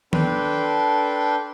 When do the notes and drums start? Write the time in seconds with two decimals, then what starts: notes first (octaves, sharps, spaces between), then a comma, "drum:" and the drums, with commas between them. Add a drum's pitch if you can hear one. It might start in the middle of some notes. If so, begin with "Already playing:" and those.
0.13 D4 A4 B4 G5 C6, drum: tom D#3